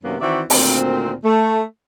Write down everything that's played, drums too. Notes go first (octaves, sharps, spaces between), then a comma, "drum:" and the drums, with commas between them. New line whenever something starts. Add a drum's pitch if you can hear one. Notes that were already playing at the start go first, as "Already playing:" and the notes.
F#2 C3 D#3 A#3 B3 C#4
D#3 E3 C4 F#4 D5 E5
D2 A#2 D#3 C4, drum: open hi-hat
A3